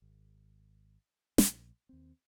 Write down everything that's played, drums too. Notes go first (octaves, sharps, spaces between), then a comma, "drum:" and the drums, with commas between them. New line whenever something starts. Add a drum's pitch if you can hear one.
G#1
A#1, drum: snare
D#2 C4